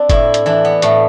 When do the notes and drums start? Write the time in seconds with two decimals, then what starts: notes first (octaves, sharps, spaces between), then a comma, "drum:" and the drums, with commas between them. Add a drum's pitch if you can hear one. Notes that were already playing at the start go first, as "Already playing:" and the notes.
Already playing: C4 D4
0.10 A2 E4, drum: kick F#1, hi-hat
0.34 drum: hi-hat
0.46 E3 D4
0.65 B3
0.82 A2 A3, drum: hi-hat